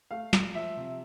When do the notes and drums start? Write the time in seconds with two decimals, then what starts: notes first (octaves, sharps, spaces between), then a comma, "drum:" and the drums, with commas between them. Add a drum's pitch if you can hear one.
0.11 A3 F5
0.33 A3, drum: snare
0.55 F3 E5
0.77 C3